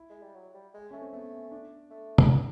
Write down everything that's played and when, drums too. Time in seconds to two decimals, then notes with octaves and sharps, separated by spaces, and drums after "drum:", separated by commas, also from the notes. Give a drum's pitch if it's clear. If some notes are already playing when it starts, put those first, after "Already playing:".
Already playing: E4
0.10 G#3
0.23 G3
0.35 F#3
0.55 G3
0.74 G#3
0.91 A3 C#4
1.01 C4
1.13 A3 B3
1.51 D4
1.91 A3
2.18 A#3, drum: tom
2.29 B3 D#4